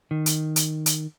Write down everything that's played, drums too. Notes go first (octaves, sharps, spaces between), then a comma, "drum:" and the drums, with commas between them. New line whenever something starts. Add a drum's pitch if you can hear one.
D#3
drum: hi-hat
drum: hi-hat
drum: hi-hat